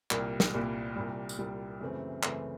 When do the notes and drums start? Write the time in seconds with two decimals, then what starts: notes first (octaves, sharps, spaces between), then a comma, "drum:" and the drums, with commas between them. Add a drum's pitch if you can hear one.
0.11 C2 A#2 G3 A#3, drum: clap
0.40 drum: snare
0.53 C2 A#2 G3 A#3
0.96 C2 A#2 G3
1.29 drum: tambourine
1.38 C2 A#2 G3
1.80 F#2 C#3 E3 A3 C4
2.23 F#2 C#3 E3 A3 C4, drum: clap